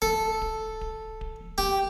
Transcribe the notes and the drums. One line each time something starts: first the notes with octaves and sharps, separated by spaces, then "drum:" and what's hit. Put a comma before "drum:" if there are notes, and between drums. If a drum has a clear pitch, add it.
A4, drum: kick D1
drum: kick D1
drum: kick D1
drum: kick D1
G4, drum: kick D1